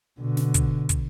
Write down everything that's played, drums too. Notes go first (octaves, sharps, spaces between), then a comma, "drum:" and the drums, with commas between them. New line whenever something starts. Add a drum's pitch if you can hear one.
B2 D3
drum: snare
drum: kick, hi-hat
drum: kick, hi-hat